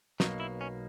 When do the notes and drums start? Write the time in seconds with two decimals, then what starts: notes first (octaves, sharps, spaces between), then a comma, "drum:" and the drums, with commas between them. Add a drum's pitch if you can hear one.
0.20 B1 B2 A#3 D#4, drum: snare
0.40 E4
0.61 C#4